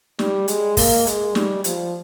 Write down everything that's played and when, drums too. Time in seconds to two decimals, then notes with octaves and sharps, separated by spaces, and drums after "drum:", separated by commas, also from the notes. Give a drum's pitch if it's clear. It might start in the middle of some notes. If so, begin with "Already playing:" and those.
0.19 G3, drum: snare
0.48 G#3, drum: hi-hat
0.77 A#3, drum: kick, open hi-hat
1.07 G#3, drum: hi-hat
1.35 G3, drum: snare
1.64 F3, drum: hi-hat